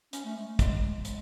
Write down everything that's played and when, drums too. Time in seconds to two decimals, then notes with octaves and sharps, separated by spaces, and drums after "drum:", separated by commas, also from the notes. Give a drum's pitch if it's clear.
0.13 C#4, drum: hi-hat
0.25 A3
0.36 G#3
0.47 A3
0.59 G#3, drum: kick, hi-hat
0.82 G#3
1.05 G#3, drum: hi-hat